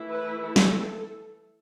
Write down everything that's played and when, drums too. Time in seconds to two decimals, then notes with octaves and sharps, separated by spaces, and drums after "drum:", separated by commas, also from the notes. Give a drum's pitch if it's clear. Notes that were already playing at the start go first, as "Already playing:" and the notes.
Already playing: E3 A3 E4
0.11 B4
0.44 A4
0.56 drum: snare